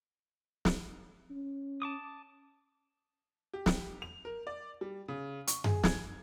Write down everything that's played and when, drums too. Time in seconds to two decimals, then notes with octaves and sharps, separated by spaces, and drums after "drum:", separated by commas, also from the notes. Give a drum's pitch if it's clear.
0.65 drum: snare
1.30 C#4
1.82 A5 D6 D#6
3.54 G4
3.66 drum: snare
4.02 F7
4.25 A#4
4.47 D5
4.81 G3
5.08 C#3
5.47 C#6, drum: hi-hat
5.64 G#4, drum: tom F#2
5.83 G#6, drum: snare